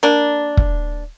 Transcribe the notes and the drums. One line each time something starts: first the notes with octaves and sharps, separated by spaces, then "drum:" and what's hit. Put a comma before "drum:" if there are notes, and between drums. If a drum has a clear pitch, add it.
A#3 D4
drum: kick